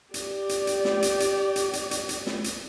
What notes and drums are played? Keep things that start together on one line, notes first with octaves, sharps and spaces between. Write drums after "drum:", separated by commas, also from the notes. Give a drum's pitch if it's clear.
G4 D5, drum: hi-hat
drum: hi-hat
drum: hi-hat
drum: snare
drum: hi-hat
drum: hi-hat
drum: hi-hat
drum: hi-hat
drum: hi-hat
drum: hi-hat
drum: snare
drum: hi-hat